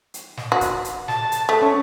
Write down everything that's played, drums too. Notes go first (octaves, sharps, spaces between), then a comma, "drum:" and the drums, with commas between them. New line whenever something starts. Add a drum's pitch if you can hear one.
drum: hi-hat
drum: snare
F#4
drum: kick, hi-hat
drum: hi-hat
A5, drum: snare
drum: hi-hat
A3
C#4